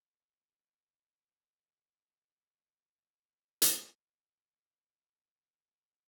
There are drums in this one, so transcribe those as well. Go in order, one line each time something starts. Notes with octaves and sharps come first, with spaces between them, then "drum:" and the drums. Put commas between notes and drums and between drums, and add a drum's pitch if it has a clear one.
C#5
G1 B2 C#4 B6 C#7
A4 C5 C#5 F#5 A5
D#2 A2 C3 D#3
drum: hi-hat
E5
D4